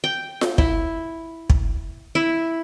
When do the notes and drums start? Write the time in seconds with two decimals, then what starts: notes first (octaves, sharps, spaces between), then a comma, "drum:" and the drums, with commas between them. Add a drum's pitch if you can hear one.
0.04 G5
0.41 drum: snare F4
0.58 E4, drum: kick
1.50 drum: kick
2.15 E4